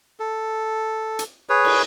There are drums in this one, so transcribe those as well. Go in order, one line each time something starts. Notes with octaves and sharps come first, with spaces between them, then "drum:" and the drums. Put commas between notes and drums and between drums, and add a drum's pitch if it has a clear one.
A4
drum: hi-hat
G#4 B4 C#5
drum: cymbal